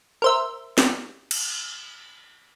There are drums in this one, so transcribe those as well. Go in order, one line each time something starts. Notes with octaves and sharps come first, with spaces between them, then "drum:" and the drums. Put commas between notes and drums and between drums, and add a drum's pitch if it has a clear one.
A#4 C5 E5
drum: snare
drum: cymbal